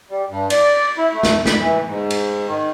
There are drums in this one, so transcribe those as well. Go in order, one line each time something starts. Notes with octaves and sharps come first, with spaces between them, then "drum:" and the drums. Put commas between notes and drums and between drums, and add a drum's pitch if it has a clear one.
G3
G2
D5, drum: cymbal
E4
A3
drum: snare
B5, drum: snare
E3
G#2
drum: cymbal
D#3